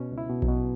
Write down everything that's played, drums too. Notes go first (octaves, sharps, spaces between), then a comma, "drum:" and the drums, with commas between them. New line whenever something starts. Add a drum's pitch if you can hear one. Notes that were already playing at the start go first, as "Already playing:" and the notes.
Already playing: B2 C#4
C#2
E4
B2
F#3, drum: kick A#1
B2